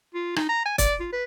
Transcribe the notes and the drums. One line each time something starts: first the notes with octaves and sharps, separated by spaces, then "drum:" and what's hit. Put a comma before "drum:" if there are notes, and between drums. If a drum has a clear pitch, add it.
F4
D#4, drum: rim click
A#5
G#5
D5, drum: kick, hi-hat
F4
B4